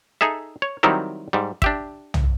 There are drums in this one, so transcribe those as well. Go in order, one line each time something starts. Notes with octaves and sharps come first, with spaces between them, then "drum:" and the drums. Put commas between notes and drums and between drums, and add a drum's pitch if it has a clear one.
D#4 G#4 A4 E5
C#5
D#3 F#3 G3 C4 D#4 E4
G#2 G3
D4 G4 E5, drum: kick
drum: tom